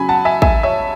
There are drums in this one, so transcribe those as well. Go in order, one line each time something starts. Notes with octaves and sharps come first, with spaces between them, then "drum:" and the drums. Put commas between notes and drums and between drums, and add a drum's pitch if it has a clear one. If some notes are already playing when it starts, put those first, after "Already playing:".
Already playing: C#3 F#3 C#4 G#5 B5
F#5 A5
E5 G#5
E5 G#5, drum: kick
C#5 E5